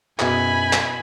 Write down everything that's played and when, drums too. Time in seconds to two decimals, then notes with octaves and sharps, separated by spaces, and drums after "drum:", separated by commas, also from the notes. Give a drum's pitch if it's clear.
0.19 F#2 B2 E4 G#4 G#5 B5, drum: clap
0.73 drum: clap